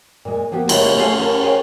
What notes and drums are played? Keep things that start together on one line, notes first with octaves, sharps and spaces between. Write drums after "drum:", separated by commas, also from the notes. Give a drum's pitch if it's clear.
A#2 G#3
F3 A#3 B3 G4
C#3 G#3 A#3 E4 F4 A#4, drum: cymbal
A3 C#4 F4 F#4 F5 G#5
C#4 E4 G#4 A#4 G#5 A5
A#4 C5 C#5 F5 G5 G#5